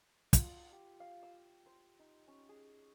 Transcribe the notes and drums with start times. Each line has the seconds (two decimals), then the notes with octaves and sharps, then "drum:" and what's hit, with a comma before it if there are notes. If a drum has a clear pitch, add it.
0.33 F4, drum: kick, hi-hat
0.72 G4
1.00 F5
1.23 E6
1.66 C5
1.99 D#4
2.27 C#4
2.49 G#4